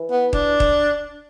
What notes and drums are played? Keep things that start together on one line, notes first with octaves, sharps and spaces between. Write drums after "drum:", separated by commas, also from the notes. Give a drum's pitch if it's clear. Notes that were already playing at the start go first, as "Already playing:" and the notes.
Already playing: E3
B3
D4, drum: kick D#1
drum: kick D#1